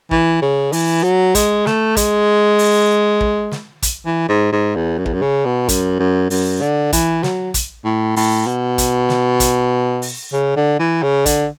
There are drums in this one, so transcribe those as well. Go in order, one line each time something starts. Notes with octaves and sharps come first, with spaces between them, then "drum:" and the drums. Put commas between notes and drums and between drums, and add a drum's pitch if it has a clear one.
E3, drum: kick
C#3
E3, drum: open hi-hat
F#3
G#3, drum: kick, hi-hat
A3, drum: snare
G#3, drum: kick, hi-hat
drum: open hi-hat
drum: kick
drum: snare
drum: kick, hi-hat
E3
G#2
G#2
E2
F#2
E2, drum: kick
F#2
C#3
B2
F#2, drum: kick, hi-hat
F#2
F#2, drum: open hi-hat
D3
E3, drum: kick, hi-hat
F#3, drum: snare
drum: kick, hi-hat
A2
A2, drum: open hi-hat
B2
drum: kick, hi-hat
drum: snare
drum: kick, hi-hat
drum: open hi-hat
C#3
D3
E3
C#3
D3, drum: kick, hi-hat